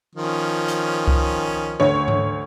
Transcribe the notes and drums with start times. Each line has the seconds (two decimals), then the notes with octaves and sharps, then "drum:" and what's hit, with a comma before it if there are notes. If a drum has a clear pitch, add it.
0.15 D#3 F3 C#4
0.68 drum: hi-hat
1.08 drum: kick C2
1.80 D2 C#5
2.08 drum: tom G#2